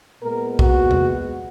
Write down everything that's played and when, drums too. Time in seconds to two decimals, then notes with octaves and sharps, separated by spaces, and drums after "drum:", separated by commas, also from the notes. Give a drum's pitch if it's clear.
0.23 A#2 G#3 B3 A#4
0.59 F#4, drum: kick B1
0.91 drum: tom E2